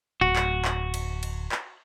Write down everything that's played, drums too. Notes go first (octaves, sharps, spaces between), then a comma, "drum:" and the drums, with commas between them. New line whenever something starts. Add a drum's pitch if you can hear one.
D1 F#4
drum: clap
drum: clap
drum: cymbal
drum: cymbal
drum: clap